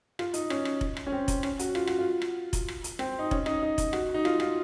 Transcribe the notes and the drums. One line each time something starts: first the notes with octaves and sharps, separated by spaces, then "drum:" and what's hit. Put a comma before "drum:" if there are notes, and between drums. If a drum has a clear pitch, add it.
F4, drum: rim click
D#4, drum: hi-hat
C#4, drum: rim click
drum: rim click
drum: kick F1
drum: rim click
C#4
C4
drum: kick F1, hi-hat
C#4, drum: rim click
F#4, drum: hi-hat
F4, drum: rim click
F#4, drum: rim click
F4
drum: rim click
drum: kick F1, hi-hat
drum: rim click
drum: hi-hat
C4, drum: rim click
D#4
C#4, drum: kick F1
D#4, drum: rim click
D#4
drum: kick F1, hi-hat
F#4, drum: rim click
D#4
F4, drum: rim click
F4, drum: rim click